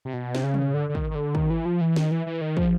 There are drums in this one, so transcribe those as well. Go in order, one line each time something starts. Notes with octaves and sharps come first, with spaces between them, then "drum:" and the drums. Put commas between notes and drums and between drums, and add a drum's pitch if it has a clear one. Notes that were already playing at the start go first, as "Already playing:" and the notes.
C3
B2
C3, drum: snare
C#3
drum: tom
D3
D3
D#3, drum: kick
D#3
D3
D#3, drum: kick
E3
F3
E3
D#3, drum: snare
E3
E3
D#3
F3, drum: kick